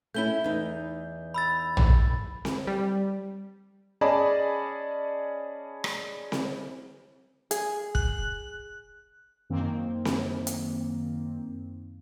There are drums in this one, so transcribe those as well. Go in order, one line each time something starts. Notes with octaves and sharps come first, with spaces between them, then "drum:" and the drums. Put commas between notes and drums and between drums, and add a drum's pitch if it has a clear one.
A3 C#4 E4 G6 G7
E2 D#4
B5 E6 A6
drum: tom A#1
drum: snare C4
G3
C#4 G#4 D5 D#5 A5 B5
drum: rim click
drum: snare C4
G#4, drum: hi-hat
F#6, drum: kick
F#2 D#3 A#3 C4
drum: snare C4
drum: hi-hat